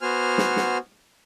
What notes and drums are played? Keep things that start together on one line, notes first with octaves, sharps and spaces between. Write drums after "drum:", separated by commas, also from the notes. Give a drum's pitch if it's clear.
B3 F#4 C5 G#5 F6
drum: snare
drum: snare